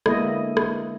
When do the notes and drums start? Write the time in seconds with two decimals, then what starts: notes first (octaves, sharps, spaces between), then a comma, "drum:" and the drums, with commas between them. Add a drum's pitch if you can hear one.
0.06 D3 G#3 A#3 B3 E4 D#5, drum: rim click
0.57 drum: rim click